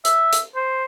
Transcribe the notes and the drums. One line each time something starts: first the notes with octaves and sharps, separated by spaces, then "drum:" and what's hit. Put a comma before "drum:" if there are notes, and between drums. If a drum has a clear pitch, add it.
E5, drum: hi-hat
drum: hi-hat
C5